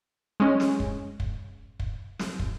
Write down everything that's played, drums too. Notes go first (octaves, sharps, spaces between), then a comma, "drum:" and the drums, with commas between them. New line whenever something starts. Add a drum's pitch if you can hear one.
G#3 C#4
drum: snare
drum: kick
drum: kick
drum: kick
drum: snare
drum: kick